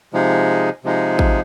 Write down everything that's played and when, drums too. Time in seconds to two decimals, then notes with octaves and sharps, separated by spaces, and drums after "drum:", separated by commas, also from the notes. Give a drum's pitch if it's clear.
0.13 C3 F3 G#3 D#4 G#4
0.84 C3 F3 G#3 D#4 G#4
1.19 drum: kick A1